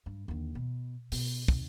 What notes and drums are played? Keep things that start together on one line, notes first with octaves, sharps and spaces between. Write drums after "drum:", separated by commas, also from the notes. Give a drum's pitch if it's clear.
G2
D#2 D3
B2
B2, drum: open hi-hat
D#2 C3, drum: kick